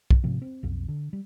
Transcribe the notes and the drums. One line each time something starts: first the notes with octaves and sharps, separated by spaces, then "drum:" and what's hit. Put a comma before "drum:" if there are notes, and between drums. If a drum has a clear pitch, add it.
drum: kick
G#2 C3 F3
C4
B1 F2
D3
G3